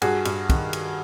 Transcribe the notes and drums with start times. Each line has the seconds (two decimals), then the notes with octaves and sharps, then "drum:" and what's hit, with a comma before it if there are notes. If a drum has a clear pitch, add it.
0.02 G2 F#4 G#4, drum: cymbal
0.25 G2, drum: cymbal
0.49 D#3, drum: kick, cymbal
0.73 drum: cymbal